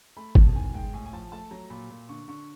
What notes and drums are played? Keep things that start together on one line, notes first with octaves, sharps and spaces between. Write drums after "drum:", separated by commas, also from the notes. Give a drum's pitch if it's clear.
A3 B5
B2 A5, drum: kick G1
D#3 G#5
G#3 G5
A2 G#5
G#5
F3 A5
A3 A5
F#3 A#5
A#2 B5
A#2
D3 C#6
D3 C#6